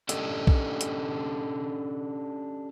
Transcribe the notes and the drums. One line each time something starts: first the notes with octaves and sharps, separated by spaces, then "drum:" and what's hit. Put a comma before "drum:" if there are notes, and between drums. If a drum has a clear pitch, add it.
C#4 D4 G4 A4 D#5, drum: hi-hat
drum: kick B1
drum: hi-hat